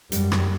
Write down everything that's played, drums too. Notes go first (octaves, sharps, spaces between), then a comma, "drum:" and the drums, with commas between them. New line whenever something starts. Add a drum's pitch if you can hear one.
F#2 G3, drum: hi-hat
drum: rim click